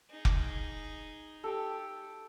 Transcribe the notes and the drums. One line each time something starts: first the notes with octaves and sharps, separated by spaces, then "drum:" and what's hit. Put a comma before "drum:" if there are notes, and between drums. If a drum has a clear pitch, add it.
D#4 G#4
drum: kick F1
G4 A4